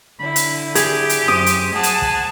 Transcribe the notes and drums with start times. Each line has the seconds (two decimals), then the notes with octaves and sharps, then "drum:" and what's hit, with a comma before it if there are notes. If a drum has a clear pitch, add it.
0.20 D3 E4 B5
0.36 drum: hi-hat
0.75 G4 G#4, drum: hi-hat
1.10 drum: hi-hat
1.28 F#2 C5 D#6, drum: snare
1.46 drum: hi-hat
1.73 G#4 F#5 A5
1.83 drum: hi-hat
2.02 drum: kick